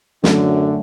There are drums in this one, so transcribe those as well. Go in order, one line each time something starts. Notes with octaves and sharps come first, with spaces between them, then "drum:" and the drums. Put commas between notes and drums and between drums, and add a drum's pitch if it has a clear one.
F#2 D3 F#3 A3 C#4, drum: snare